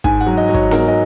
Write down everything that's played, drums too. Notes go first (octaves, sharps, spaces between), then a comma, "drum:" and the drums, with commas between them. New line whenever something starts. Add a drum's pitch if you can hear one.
G#2 G#5, drum: kick
F#5
F#3
D#5
F#3
C#5, drum: kick
G#2 A#4, drum: snare B3
D#5